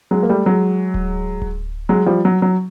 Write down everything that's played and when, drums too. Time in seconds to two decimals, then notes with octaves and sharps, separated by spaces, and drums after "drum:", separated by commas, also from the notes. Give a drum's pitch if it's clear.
0.11 F#3 G#3
0.23 A#3
0.29 G3 A3
0.46 F#3 G#3
0.94 drum: kick D1
1.42 drum: kick D1
1.89 F#3 G#3
2.06 F3 G3
2.25 F#3
2.42 F#3